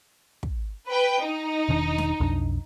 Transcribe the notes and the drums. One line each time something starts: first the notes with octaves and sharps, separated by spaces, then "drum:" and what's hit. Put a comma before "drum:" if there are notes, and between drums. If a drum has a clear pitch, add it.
drum: kick
B4 G5
D#4
E1 D#3 D4
drum: snare
B1 F2 D4